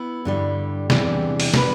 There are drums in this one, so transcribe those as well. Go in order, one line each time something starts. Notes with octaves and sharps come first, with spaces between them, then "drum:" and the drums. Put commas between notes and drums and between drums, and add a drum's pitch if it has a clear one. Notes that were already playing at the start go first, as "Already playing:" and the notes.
Already playing: B3 E4
G2 D3 G3
E2 C3 E3 G3 D4, drum: snare
drum: open hi-hat
B2 G3 D4 G4 B4, drum: snare